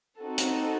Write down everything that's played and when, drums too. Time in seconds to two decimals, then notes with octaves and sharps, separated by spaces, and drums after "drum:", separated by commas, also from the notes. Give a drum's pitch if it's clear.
0.20 C4 D#4 F#4 A4
0.38 drum: hi-hat